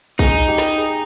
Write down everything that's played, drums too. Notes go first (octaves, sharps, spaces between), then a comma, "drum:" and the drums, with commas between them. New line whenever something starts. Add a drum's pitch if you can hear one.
D#4 G#4, drum: kick, cymbal
G4
drum: snare
G#4